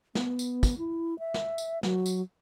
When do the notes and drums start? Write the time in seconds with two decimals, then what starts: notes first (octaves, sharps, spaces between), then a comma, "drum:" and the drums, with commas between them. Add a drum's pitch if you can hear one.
0.15 B3, drum: snare
0.39 drum: tambourine
0.63 drum: kick, tambourine
0.78 E4
1.19 E5
1.34 drum: snare
1.58 drum: tambourine
1.83 F#3, drum: snare
2.06 drum: tambourine